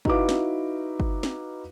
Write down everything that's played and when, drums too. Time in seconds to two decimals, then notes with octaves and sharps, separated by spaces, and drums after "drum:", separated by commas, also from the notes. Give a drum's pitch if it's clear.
0.05 D#4 E4 F#4 B4 F5 D6, drum: kick
0.29 drum: snare
1.00 drum: kick
1.23 drum: snare